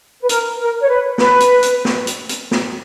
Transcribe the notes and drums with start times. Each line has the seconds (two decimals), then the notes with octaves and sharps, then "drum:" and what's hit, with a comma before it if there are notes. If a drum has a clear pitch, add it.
0.21 B4
0.29 A#4, drum: hi-hat
0.59 A#4
0.81 C#5
0.89 B4
1.18 B4, drum: snare
1.40 drum: hi-hat
1.63 drum: hi-hat
1.85 drum: snare
2.07 drum: hi-hat
2.29 drum: hi-hat
2.51 drum: snare